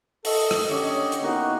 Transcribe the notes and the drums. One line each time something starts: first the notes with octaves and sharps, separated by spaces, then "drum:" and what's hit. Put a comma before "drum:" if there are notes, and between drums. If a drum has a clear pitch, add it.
A4 D#5, drum: open hi-hat
drum: rim click
D3 C#4 G4 C#5 D#5
drum: hi-hat
A#3 B3 D#4 E4 F#4 G4